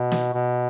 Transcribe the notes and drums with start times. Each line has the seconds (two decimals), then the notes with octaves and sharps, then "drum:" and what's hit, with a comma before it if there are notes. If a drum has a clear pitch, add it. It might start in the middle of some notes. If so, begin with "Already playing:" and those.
Already playing: B2
0.12 drum: snare
0.34 B2